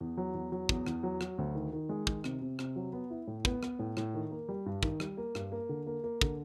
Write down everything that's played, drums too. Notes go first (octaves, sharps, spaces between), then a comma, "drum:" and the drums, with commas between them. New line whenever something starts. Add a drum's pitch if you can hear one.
E2
F#3
E2
F#3
E2, drum: kick
E2, drum: rim click
F#3
F#3, drum: rim click
D2
D#3
D#3
G#3
D#3, drum: kick
C3, drum: rim click
C3
C3, drum: rim click
F#3
B3
E4
A2
B3, drum: kick
B3, drum: rim click
A2
A2, drum: rim click
D#3
A#3
G3
G2
D#3, drum: kick
G3, drum: rim click
A#3
G2, drum: rim click
A#3
D3
A#3
A#3
D3, drum: kick